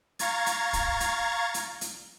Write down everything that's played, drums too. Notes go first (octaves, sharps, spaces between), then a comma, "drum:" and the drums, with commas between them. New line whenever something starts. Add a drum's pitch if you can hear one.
F5 A#5 C#6 G#6 A6, drum: hi-hat
drum: hi-hat
drum: kick, hi-hat
drum: hi-hat
drum: hi-hat
drum: hi-hat